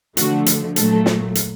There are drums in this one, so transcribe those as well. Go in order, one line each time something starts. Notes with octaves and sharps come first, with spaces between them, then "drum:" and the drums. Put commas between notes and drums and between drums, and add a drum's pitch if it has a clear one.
D3 F3 A3 F#4, drum: hi-hat
drum: hi-hat
A#2 F#3 A3 A4, drum: hi-hat
drum: snare
drum: hi-hat